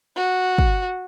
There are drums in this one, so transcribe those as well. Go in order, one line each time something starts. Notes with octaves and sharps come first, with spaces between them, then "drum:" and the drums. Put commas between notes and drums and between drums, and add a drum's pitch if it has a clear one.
F#4
drum: kick